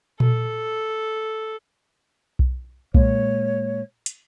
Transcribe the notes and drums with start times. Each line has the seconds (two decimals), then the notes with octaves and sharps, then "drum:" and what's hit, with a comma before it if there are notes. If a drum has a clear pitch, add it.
0.20 A4, drum: tom A#2
2.39 drum: kick B1
2.94 A#2 G#3 A#3 C#5, drum: kick B1
4.06 drum: hi-hat